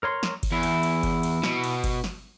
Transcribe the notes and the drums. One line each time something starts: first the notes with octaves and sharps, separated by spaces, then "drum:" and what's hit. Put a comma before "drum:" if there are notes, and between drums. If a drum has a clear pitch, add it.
A#4 C#5 C6
drum: snare
drum: kick G1, cymbal
E2 E4
drum: cymbal
drum: cymbal
drum: kick G1, cymbal
drum: cymbal
B2, drum: snare
drum: cymbal
drum: kick G1, cymbal
drum: snare